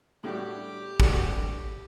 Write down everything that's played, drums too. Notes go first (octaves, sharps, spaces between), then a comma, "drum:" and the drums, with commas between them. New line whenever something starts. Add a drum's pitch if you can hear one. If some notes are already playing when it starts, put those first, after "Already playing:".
A2 G3 D4 F#4 G4
A2 G3 D4 F#4, drum: kick